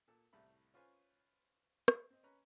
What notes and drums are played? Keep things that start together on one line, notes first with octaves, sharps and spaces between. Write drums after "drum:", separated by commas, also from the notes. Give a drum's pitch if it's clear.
A#2 A4
C2 A2 G3 A3 B5
C#4 F4 B4 C5 G#5 C#6
drum: rim click
C4 D#5
C#4 B4 A#5